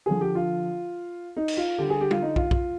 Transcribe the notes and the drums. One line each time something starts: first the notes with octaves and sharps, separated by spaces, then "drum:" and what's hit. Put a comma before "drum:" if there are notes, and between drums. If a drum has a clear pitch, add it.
D3 F3 G#4
G4
F4
D#4
drum: cymbal
F4
D3 G3 G4
G#4
G4
F4, drum: tom
D#4
F4, drum: kick
F4, drum: kick